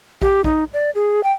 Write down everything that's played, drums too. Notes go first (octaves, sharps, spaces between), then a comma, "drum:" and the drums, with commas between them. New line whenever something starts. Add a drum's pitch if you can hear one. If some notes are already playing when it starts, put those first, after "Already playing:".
G4, drum: kick
D#4, drum: kick
D5
G#4
G5